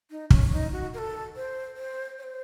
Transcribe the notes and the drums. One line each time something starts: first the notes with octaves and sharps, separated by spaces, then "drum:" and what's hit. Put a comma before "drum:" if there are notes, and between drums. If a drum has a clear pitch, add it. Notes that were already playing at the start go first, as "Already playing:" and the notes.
D#4
C#4, drum: kick
D#4
F#4
A#4
A4
C5
C5
C#5
C5